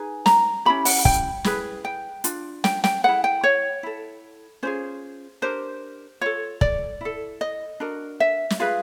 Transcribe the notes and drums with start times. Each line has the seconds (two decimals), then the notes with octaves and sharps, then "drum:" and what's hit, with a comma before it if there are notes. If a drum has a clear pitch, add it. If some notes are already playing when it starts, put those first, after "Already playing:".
Already playing: D#4 G#4 B4 G#5
0.26 A#5, drum: snare
0.65 C#4 E4 G4 B5
0.85 F#5, drum: open hi-hat
1.05 G5, drum: kick
1.44 E4 G#4 B4, drum: snare
1.85 G5
2.24 D4 F4, drum: hi-hat
2.64 G5, drum: snare
2.84 G5, drum: snare
3.04 E4 G#4 B4 F#5
3.24 G5
3.44 C#5
3.83 E4 A4
4.63 C#4 F4 G#4 C5
5.42 D4 G4 A#4 C5
6.21 F4 A4 C#5
6.61 D5, drum: kick
7.01 E4 A4
7.41 D#5
7.80 D4 F#4 A#4
8.20 E5
8.50 drum: snare
8.60 F4 G#4 B4 F5